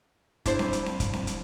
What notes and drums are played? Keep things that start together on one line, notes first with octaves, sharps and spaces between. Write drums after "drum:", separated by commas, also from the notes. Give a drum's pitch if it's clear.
D4 E4 C5, drum: kick, hi-hat
drum: snare C4
drum: hi-hat
drum: snare C4
drum: kick, hi-hat
drum: snare C4
drum: hi-hat